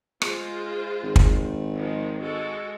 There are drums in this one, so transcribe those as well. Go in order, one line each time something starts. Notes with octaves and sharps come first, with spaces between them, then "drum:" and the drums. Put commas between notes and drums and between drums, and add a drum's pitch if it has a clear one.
G#3 F4 C5, drum: rim click
G#1
drum: kick
D#3 F3 G#3
G#3 F#4 A4